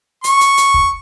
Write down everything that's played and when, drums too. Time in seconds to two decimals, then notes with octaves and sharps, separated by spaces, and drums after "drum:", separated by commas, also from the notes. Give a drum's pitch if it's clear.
0.24 C#6, drum: hi-hat
0.41 drum: hi-hat
0.57 drum: hi-hat
0.74 drum: kick